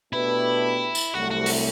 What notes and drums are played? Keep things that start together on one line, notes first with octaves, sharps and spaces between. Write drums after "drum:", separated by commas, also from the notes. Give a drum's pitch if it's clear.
B2 A3 D4 E4 G4 B4
drum: tambourine
C2 C3 F#3 A3 F#4
F#4
drum: open hi-hat